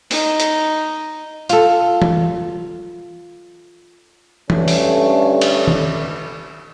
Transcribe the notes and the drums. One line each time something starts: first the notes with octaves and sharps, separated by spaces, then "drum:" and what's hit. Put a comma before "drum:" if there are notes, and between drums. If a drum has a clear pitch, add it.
D#4, drum: open hi-hat
drum: hi-hat
F4 A4, drum: hi-hat
drum: tom E3
G2 D3 A3 C#4, drum: tom E3
drum: open hi-hat
drum: cymbal
drum: tom